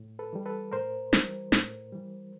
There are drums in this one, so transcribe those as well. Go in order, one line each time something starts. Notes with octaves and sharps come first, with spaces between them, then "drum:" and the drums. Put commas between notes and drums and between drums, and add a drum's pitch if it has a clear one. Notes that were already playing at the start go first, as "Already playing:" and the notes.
Already playing: A2
A4 B4
E3 G3
A4 B4
A2 A#4 C5
E3 G3, drum: snare
A2, drum: snare
E3 G3